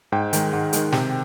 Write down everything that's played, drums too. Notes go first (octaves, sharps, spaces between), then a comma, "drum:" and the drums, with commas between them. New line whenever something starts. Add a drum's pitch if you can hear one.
G#2 G5
D#3 G#3, drum: hi-hat
G#2 F#5
D#3 G#3, drum: hi-hat
C3 G5, drum: snare